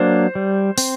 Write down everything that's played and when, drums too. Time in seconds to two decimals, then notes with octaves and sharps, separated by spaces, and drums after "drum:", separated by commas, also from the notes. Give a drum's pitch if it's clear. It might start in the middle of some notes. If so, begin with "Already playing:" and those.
Already playing: F#3 A#3 D4 C5
0.35 G3
0.78 C4, drum: open hi-hat